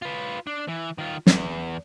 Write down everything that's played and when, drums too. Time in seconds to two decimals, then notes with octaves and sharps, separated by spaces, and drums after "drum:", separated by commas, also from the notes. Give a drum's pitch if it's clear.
0.02 F4 B4
0.47 D4
0.68 E3
0.98 D#3 F4
1.27 E2, drum: snare